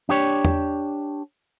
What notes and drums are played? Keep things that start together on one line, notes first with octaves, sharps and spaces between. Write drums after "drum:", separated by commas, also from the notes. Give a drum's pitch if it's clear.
D4 G4 C#5
drum: tom E2